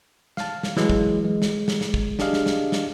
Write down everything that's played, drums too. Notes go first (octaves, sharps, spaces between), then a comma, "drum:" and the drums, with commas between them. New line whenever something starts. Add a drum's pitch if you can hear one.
F5 A5, drum: snare
drum: snare
E3 F#3 G#3, drum: snare
drum: kick
G#3
drum: snare
drum: snare
drum: snare
drum: kick
D4 G4 G#4 D#5 F5, drum: snare
drum: snare
drum: snare
drum: snare